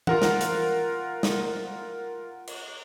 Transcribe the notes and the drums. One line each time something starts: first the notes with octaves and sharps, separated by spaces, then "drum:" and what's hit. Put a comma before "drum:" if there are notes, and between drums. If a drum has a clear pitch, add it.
F4 A#4 F#5, drum: tom E3
drum: snare
drum: hi-hat
drum: snare
drum: cymbal